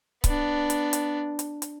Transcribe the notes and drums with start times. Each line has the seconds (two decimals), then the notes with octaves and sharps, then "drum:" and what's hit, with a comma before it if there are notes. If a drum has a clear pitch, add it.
0.24 B3 D4, drum: kick C#1, hi-hat
0.70 drum: hi-hat
0.93 drum: hi-hat
1.39 drum: hi-hat
1.62 drum: hi-hat